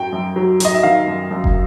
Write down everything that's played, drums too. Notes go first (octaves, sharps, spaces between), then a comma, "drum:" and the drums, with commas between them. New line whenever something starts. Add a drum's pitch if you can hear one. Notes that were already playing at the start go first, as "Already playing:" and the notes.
Already playing: F#2 F#3 G5
F#2
F#3
F#3 D#5, drum: hi-hat
E5
D#3 F5
F#2
F#2
drum: kick